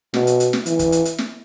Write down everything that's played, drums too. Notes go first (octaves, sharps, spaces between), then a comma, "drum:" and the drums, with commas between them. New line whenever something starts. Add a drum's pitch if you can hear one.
B2, drum: snare
drum: hi-hat
drum: hi-hat
drum: snare
E3, drum: hi-hat
drum: kick, hi-hat
drum: hi-hat
drum: hi-hat
drum: snare